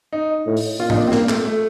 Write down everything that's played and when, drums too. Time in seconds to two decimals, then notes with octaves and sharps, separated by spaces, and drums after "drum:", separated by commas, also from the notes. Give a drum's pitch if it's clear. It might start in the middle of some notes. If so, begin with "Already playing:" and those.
0.13 D#4
0.47 A2
0.57 drum: open hi-hat
0.79 A#2 F4
0.90 D#4, drum: tom G#2
0.96 D4
1.07 C4
1.12 A#3, drum: snare
1.29 A3, drum: clap
1.45 A3